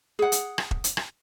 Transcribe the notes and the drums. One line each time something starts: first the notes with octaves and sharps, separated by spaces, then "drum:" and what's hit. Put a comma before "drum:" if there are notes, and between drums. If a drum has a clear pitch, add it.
G#4 F#5
drum: hi-hat
drum: rim click
drum: kick E1
drum: hi-hat
drum: rim click